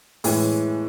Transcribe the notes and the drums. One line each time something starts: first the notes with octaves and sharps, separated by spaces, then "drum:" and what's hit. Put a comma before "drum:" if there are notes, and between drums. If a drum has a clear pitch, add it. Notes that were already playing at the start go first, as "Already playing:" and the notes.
A2 E3 G#3, drum: open hi-hat